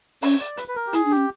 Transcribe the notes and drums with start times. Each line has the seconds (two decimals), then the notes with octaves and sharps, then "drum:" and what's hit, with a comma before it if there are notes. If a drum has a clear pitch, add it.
0.22 C#4 C#5, drum: open hi-hat
0.40 D5
0.57 B4, drum: hi-hat
0.68 B4
0.76 A#4
0.87 G4
0.93 E4 G#4, drum: hi-hat
1.05 D4
1.11 G4
1.17 C#4